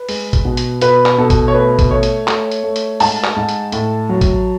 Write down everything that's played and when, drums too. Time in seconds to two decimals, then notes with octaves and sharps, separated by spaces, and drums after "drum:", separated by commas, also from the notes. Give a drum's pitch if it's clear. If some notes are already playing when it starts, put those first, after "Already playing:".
Already playing: B4
0.09 G#3, drum: open hi-hat
0.33 drum: kick A1, hi-hat
0.45 B2
0.57 drum: hi-hat
0.81 B2 B4, drum: hi-hat
1.06 drum: clap
1.18 B2 A4
1.30 drum: kick A1, hi-hat
1.48 C#5
1.54 A3 B4
1.79 drum: kick A1, hi-hat
1.91 A3 C#5
2.03 drum: hi-hat
2.28 A3, drum: clap
2.52 drum: hi-hat
2.63 A3
2.76 drum: hi-hat
3.00 G#2 A5, drum: open hi-hat
3.24 drum: clap
3.37 G#2
3.49 drum: hi-hat
3.72 A2, drum: hi-hat
4.09 F#3
4.21 drum: kick A1, hi-hat